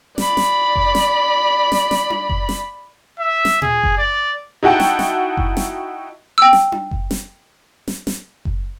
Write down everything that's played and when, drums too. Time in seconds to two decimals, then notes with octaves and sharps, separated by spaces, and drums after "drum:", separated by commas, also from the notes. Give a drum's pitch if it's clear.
0.18 D5 B5, drum: snare
0.37 drum: snare
0.76 drum: kick F#1
0.95 drum: snare
1.72 drum: snare
1.91 drum: snare
2.10 drum: tom D4
2.29 drum: kick F#1
2.49 drum: snare
3.19 E5
3.45 drum: snare
3.62 G#4, drum: tom A#2
3.83 drum: kick F#1
3.98 D5
4.63 D#4 E4 F#4 F#5 G5 A5
4.80 drum: snare
4.99 drum: snare
5.37 drum: kick F#1
5.57 drum: snare
6.38 G5 E6
6.53 drum: snare
6.72 drum: tom D4
6.91 drum: kick F#1
7.11 drum: snare
7.88 drum: snare
8.07 drum: snare
8.45 drum: kick F#1